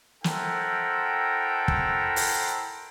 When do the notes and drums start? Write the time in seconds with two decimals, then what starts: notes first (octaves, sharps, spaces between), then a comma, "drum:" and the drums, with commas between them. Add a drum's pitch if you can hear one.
0.24 E4 A4 A#4 C5 F#5 G5, drum: snare
1.68 drum: kick
2.16 drum: open hi-hat